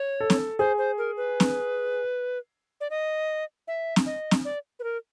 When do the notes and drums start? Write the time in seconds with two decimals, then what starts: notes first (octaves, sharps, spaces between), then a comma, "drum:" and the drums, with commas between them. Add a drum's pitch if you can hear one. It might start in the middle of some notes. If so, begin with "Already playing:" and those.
Already playing: C#5
0.21 A4
0.30 drum: snare C4
0.59 G#4 C5
0.78 C5
0.98 A#4
1.17 B4
1.40 drum: snare C4
2.81 D5
2.90 D#5
3.67 E5
3.96 drum: snare C4
4.06 D#5
4.31 drum: snare C4
4.45 D5
4.79 B4
4.83 A#4